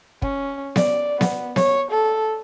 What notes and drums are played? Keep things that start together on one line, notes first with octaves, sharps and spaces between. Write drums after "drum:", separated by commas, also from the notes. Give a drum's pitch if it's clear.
C#4, drum: kick
D5, drum: snare B3
B3, drum: snare B3
C#5, drum: snare B3
A4